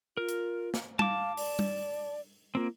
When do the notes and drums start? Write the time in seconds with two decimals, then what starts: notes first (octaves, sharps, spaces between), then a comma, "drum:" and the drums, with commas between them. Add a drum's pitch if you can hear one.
0.17 F4 A#4
0.29 drum: hi-hat
0.74 drum: snare
0.99 F5 A5 D6, drum: tom G3
1.37 D5, drum: open hi-hat
1.59 drum: tom G3
2.55 A#3 C4 F4